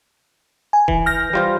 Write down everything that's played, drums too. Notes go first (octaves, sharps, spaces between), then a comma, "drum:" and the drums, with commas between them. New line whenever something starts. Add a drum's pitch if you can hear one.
G#5
E3, drum: kick D#1
F6 G6 A#6
G3 F4 C5